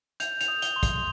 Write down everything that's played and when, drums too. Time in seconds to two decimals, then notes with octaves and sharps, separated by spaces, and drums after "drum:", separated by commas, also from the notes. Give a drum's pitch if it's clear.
0.20 G6 F7, drum: hi-hat
0.41 F7, drum: hi-hat
0.48 D#6
0.62 G7, drum: hi-hat
0.76 C6
0.83 F7, drum: kick, hi-hat